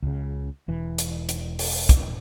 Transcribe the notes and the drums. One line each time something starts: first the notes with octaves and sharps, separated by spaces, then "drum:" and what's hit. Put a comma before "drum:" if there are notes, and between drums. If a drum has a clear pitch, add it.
C#2 C#3
E1 E3
drum: hi-hat
drum: hi-hat
drum: open hi-hat
drum: kick, hi-hat